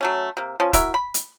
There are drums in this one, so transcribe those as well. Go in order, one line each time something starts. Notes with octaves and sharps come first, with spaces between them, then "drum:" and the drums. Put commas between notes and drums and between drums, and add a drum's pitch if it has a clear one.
F#3 A3 C#4
C3 A#3
F3 C#4
E4 F#4 A#4 E5, drum: kick, hi-hat
B5
drum: hi-hat